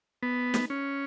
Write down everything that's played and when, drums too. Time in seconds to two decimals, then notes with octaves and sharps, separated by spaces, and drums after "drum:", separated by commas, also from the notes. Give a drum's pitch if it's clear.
0.23 B3
0.54 drum: snare
0.70 C#4